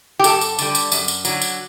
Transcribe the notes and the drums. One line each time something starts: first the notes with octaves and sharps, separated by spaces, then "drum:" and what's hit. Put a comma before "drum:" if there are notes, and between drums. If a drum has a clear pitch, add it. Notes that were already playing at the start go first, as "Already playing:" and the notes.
G4
F#2 A4, drum: tambourine
drum: tambourine
D3 G3, drum: tambourine
drum: tambourine
F#2, drum: tambourine
drum: tambourine
D3 F#3, drum: tambourine
drum: tambourine